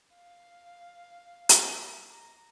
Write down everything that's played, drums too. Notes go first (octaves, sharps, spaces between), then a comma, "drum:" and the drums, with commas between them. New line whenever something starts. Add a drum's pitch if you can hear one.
F5
drum: hi-hat
G4
A#5